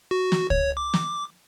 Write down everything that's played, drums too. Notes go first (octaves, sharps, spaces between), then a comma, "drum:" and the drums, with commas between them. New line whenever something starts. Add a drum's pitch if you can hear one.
F#4
drum: snare
C#5, drum: kick C#2
D6
drum: snare